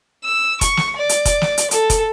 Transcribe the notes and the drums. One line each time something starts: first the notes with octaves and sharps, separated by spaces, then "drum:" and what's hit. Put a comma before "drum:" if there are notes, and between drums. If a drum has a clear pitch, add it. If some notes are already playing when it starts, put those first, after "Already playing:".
E6
C#6, drum: kick F1, hi-hat
drum: snare
D5
drum: hi-hat
drum: kick F1, hi-hat
drum: snare
drum: hi-hat
A4, drum: hi-hat
drum: kick F1, hi-hat